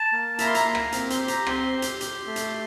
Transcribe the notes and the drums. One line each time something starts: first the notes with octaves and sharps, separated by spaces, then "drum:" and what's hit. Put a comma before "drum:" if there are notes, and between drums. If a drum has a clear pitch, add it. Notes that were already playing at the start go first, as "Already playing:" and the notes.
Already playing: A5
A#3
E4 A#5, drum: hi-hat
C6
A#5, drum: hi-hat
A#3
drum: rim click
C4, drum: hi-hat
C6, drum: hi-hat
G4
A#5, drum: hi-hat
C4 C6, drum: rim click
G4
drum: hi-hat
G4, drum: hi-hat
A3
drum: hi-hat